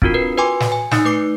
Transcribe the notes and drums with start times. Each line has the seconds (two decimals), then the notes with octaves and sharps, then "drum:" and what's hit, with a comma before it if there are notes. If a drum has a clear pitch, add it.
0.02 C4 D4 F4 F#4 A#4, drum: kick
0.14 A#4 B4
0.37 F#4 B4 G5 G#5 C6 D6
0.60 drum: snare
0.72 G#5
0.91 D#4 D#6 F#6 G6, drum: snare
1.05 A3 B4 D6 C7 C#7